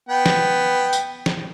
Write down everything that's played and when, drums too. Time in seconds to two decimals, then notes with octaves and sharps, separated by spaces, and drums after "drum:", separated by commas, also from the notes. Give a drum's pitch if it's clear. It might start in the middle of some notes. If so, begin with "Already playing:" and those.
0.09 B3 G5
0.26 drum: snare
0.93 drum: tambourine
1.26 drum: snare